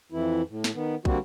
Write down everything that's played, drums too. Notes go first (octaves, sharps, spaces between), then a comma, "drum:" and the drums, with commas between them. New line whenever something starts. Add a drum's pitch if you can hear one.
F2 E3 E4
A2
drum: snare
D#3 B3
D3 G3 A#3 C4 F#4, drum: kick